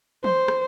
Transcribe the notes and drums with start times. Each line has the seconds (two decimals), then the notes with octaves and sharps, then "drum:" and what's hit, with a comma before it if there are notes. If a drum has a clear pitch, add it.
0.24 C5, drum: tom E3
0.48 drum: rim click